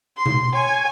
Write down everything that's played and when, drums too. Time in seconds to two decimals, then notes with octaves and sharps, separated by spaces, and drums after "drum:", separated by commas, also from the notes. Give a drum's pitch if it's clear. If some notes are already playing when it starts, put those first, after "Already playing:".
0.17 C6
0.26 drum: tom B2
0.53 C#5 G#5